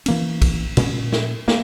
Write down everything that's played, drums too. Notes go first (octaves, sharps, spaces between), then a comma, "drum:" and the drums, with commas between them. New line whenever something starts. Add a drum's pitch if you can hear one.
E3 A#3 C#4, drum: cymbal
drum: kick, cymbal
A#2 G#3 C#4, drum: cymbal
drum: snare
A#3, drum: snare